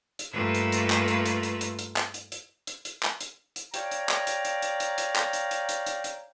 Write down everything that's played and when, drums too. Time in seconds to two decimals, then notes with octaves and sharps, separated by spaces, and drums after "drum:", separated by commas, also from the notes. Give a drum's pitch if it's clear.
0.19 drum: hi-hat
0.33 G2 A3 A#3 F4 B4 E6
0.55 drum: hi-hat
0.72 drum: hi-hat
0.90 drum: clap
1.08 drum: hi-hat
1.26 drum: hi-hat
1.43 drum: hi-hat
1.61 drum: hi-hat
1.79 drum: hi-hat
1.96 drum: clap
2.14 drum: hi-hat
2.32 drum: hi-hat
2.67 drum: hi-hat
2.85 drum: hi-hat
3.03 drum: clap
3.21 drum: hi-hat
3.56 drum: hi-hat
3.74 C#5 D5 F5 G5 A#5, drum: hi-hat
3.91 drum: hi-hat
4.09 drum: clap
4.27 drum: hi-hat
4.45 drum: hi-hat
4.62 drum: hi-hat
4.80 drum: hi-hat
4.98 drum: hi-hat
5.16 drum: clap
5.33 drum: hi-hat
5.51 drum: hi-hat
5.69 drum: hi-hat
5.86 drum: hi-hat
6.04 drum: hi-hat